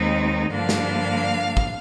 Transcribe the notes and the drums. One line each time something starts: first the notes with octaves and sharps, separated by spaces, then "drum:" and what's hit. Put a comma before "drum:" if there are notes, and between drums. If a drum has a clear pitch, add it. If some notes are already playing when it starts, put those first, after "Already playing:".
Already playing: D#2 D#3 G#3 C4 D#4
G2 D3 F3 A#3 D4 F5
drum: snare
drum: kick